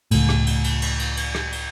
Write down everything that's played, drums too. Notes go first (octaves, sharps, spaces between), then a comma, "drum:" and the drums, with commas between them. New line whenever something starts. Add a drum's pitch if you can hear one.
C#2 A2, drum: cymbal
drum: rim click
drum: cymbal
drum: cymbal
drum: cymbal
drum: cymbal
drum: cymbal
drum: rim click
drum: cymbal